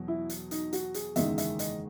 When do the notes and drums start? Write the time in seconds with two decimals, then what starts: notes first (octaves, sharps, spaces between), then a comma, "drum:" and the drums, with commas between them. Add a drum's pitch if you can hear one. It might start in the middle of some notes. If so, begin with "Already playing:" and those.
Already playing: E2 B2 F#3
0.08 E4
0.30 drum: hi-hat
0.51 D#4, drum: hi-hat
0.73 F#4, drum: hi-hat
0.94 G#4, drum: hi-hat
1.16 F#1 E2 D#3 G#3 E5, drum: hi-hat
1.38 E5, drum: hi-hat
1.59 D#5, drum: hi-hat